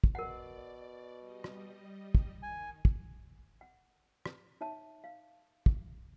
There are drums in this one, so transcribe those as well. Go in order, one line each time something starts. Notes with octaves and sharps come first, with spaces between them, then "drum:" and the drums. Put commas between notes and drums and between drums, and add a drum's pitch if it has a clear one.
drum: kick
B2 A#4 D5 F#5
G3 D#5
drum: rim click
drum: kick
D#3 G#5
drum: kick
F#5
drum: rim click
D#4 C#5 E5 A5
F5
drum: kick